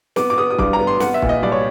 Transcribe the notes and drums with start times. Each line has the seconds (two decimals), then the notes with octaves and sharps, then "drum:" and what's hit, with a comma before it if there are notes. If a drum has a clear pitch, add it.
0.16 B3 D6, drum: snare
0.30 D6
0.38 B3 D#6
0.50 D#6
0.59 G2 D6, drum: kick
0.73 A#5
0.79 B3
0.87 C6
1.00 B3 F#5, drum: snare
1.14 E5
1.22 A#2, drum: kick
1.29 D#5
1.43 C2 D5
1.52 C#5